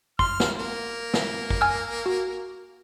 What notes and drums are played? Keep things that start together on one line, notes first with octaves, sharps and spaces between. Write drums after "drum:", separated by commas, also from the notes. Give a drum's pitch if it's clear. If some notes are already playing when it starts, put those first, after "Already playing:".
C6 F6, drum: kick
drum: snare
A#3
drum: snare
drum: kick
G#5 E6 F6
F#4